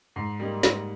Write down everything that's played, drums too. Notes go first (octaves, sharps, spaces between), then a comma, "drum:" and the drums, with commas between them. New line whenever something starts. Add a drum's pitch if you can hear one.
G#2 C7
G3 A#3 D#4
G#2, drum: snare